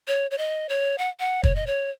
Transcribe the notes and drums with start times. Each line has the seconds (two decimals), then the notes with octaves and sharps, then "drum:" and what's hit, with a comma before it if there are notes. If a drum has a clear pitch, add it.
0.08 C#5
0.31 C#5
0.38 D#5
0.69 C#5
0.98 F#5
1.20 F#5
1.44 C#5, drum: kick
1.56 D#5
1.67 C#5